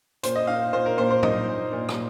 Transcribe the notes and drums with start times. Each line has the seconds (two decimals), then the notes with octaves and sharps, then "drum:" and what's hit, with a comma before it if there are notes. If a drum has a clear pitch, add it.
0.23 A#2 C5, drum: hi-hat
0.36 D#5
0.47 D#4 F5
0.73 A#2 C5
0.86 A#4
0.98 A#2 C5
1.10 C5
1.23 D#4 D#5, drum: tom G#2
1.48 A#2
1.72 A#2
1.89 drum: rim click